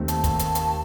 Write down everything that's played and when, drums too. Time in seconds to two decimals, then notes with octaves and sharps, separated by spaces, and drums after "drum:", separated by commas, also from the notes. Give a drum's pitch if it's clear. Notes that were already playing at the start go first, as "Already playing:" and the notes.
Already playing: D#2 D#3 A3 C4
0.08 A5, drum: hi-hat
0.24 drum: kick, hi-hat
0.39 drum: hi-hat
0.55 drum: hi-hat